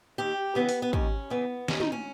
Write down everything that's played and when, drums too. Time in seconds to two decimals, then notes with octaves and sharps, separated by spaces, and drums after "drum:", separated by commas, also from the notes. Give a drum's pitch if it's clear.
0.18 D#2 G4
0.55 C#3 E3 B3
0.69 drum: open hi-hat
0.82 B3
0.93 D#2 C#4, drum: kick
1.30 C#3 E3 B3
1.68 D#2 C#4, drum: snare
1.80 D#4, drum: tom
1.92 C#4